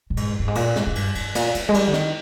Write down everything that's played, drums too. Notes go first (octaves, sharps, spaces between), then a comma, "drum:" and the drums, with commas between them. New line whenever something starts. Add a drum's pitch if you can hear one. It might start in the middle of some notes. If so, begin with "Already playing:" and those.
A#2
G#2, drum: cymbal
G2
G#2
A#2, drum: cymbal
G#2, drum: snare
G#2
G2, drum: cymbal
G2, drum: cymbal
A#2, drum: cymbal
D#3, drum: cymbal
G#3
G3, drum: cymbal
D3
D#3, drum: snare